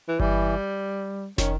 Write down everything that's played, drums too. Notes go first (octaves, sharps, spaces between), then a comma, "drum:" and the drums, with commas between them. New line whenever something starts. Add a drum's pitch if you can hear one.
E3
E3 G3, drum: kick G1
D#3 C#4, drum: snare